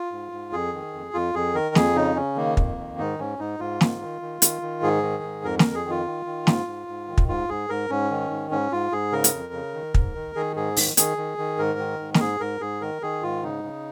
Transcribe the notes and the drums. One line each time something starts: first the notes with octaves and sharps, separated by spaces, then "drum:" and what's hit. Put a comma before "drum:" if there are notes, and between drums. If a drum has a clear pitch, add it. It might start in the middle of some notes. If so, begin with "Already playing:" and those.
Already playing: F4
G#2
G#2
F2 G#4
D#3
F2
F2 F4
F2 G#4
D#3 A#4
F2 G#4, drum: snare
C#3 D#4
C#3 C#4
D#3 A#3
F2, drum: kick
D#3
G#2 D#4
G#2 C#4
G#2 D#4
G#2 F4
D#3, drum: snare
D#3
D#3
D#3, drum: hi-hat
D#3
G#2 G#4
D#3
G#2
F2 A#4
F2 A#4, drum: snare
G#4
D#3
F4
D#3
D#3
G#2, drum: snare
G#2
G#2
D#3
drum: kick
G#2 F4
G#2 G#4
G#2 A#4
G#2 C#4
D#3
G#2
G#2 C#4
G#2 F4
G#2 G#4
C#3 A#4
drum: hi-hat
F2
C#3
D#3
G#2, drum: kick
D#3
D#3 G#4
G#2 G#4
D#3, drum: open hi-hat
D#3 G#4, drum: hi-hat
D#3
D#3
G#2 A#4
D#3
G#2
A#4, drum: snare
G#2 G#4
G#2 A#4
G#2 G#4
D#3 A#4
D#3 G#4
G#2 F4
C#3 D#4
C#3